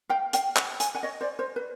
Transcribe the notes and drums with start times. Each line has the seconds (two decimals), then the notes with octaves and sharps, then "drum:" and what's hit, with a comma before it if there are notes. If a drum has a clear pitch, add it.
0.09 F5 G5
0.33 F5 G5, drum: hi-hat
0.56 F#5 G#5, drum: clap
0.80 G#5, drum: hi-hat
0.95 F#5 G#5
1.03 C#5 D#5
1.21 C5 D5
1.39 C5
1.56 B4